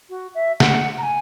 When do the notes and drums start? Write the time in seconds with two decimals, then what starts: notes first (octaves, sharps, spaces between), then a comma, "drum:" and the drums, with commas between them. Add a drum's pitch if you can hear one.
0.10 F#4
0.35 E5
0.60 F#5, drum: snare
0.98 A#5
1.03 G#5